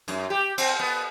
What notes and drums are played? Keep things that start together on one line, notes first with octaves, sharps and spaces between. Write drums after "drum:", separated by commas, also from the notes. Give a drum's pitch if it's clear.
F#2, drum: hi-hat
G4
C4, drum: cymbal
B3